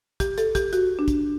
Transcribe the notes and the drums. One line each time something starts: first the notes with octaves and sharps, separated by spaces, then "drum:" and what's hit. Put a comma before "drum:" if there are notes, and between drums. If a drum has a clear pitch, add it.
G4, drum: kick, hi-hat
A4, drum: hi-hat
G4, drum: kick, hi-hat
F#4, drum: hi-hat
D4
drum: kick, hi-hat